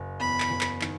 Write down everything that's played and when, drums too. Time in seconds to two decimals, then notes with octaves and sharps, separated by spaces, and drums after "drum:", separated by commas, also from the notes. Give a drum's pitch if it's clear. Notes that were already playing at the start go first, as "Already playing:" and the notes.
Already playing: F#1
0.20 E2 B5
0.40 drum: clap
0.50 F#1
0.61 drum: clap
0.81 D#3, drum: clap